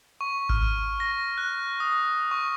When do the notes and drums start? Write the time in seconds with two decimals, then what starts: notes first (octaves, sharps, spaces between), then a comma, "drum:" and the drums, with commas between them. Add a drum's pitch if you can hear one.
0.21 C#6
0.49 F6, drum: kick G#1
1.00 A#6
1.38 F#6
1.80 D#6
2.31 C#6